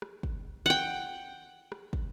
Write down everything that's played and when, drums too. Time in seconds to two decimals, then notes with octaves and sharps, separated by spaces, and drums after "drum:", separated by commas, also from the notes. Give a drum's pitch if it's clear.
0.02 drum: rim click
0.23 drum: kick
0.66 F#5 G5
1.72 drum: rim click
1.93 drum: kick